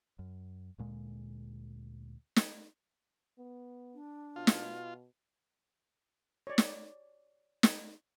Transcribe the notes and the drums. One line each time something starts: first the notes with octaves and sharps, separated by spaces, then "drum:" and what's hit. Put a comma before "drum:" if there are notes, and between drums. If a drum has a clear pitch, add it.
F#2
D2 A#2 G#3
drum: snare
B3
D4
B2 F4
drum: snare
C#5 D5
drum: snare
drum: snare